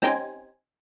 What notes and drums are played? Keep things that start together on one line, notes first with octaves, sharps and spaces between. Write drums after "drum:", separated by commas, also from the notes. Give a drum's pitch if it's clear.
C4 C#4 D#4 G4 C5 G#5, drum: snare